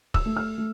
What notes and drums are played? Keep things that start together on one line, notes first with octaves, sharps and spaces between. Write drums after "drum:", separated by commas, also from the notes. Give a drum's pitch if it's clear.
E6, drum: kick
A3
F6
A3